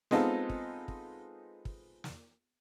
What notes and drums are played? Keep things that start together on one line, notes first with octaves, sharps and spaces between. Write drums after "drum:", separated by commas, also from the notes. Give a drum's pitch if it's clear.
G#3 B3 C4 D#4 F4 A4, drum: snare
drum: kick
drum: kick
drum: kick
drum: snare